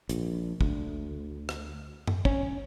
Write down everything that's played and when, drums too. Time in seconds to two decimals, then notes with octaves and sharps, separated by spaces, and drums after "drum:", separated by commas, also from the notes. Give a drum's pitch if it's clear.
0.09 A#1, drum: hi-hat
0.61 D2, drum: kick
1.49 drum: rim click
2.07 drum: tom F#2
2.25 C#4, drum: kick